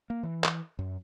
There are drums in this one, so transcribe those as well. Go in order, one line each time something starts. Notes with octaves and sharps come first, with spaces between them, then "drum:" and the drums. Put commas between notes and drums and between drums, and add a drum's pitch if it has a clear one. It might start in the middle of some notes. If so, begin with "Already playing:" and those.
A#3
E3
drum: clap
F#2